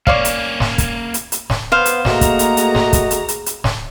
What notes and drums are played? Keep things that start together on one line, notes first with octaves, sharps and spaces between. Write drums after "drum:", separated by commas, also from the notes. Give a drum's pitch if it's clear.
A#3 C#4 C#5 D5 F5, drum: kick
drum: hi-hat
drum: snare
drum: kick, hi-hat
drum: hi-hat
drum: hi-hat
drum: snare
B3 C5 F5
drum: hi-hat
A3 A#3 F#4 G#4 D#5 A#5, drum: snare
drum: kick, hi-hat
drum: hi-hat
drum: hi-hat
drum: snare
drum: kick, hi-hat
drum: hi-hat
drum: hi-hat
drum: hi-hat
drum: snare